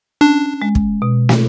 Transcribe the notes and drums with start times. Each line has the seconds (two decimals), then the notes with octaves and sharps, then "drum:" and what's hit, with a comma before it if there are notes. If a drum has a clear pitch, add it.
0.21 C#4 D4
0.62 G#3
0.75 drum: kick
1.02 B2
1.29 drum: snare